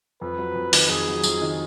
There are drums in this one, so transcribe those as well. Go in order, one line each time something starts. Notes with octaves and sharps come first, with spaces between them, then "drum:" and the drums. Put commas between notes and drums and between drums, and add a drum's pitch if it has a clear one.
F2 B4
F#3
F2
D#3, drum: open hi-hat
F2 G#4
F#3
F2, drum: tambourine
D#3